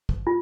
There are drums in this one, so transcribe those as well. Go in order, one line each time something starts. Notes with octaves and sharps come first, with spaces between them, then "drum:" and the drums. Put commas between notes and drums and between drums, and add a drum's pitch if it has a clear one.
drum: kick
F4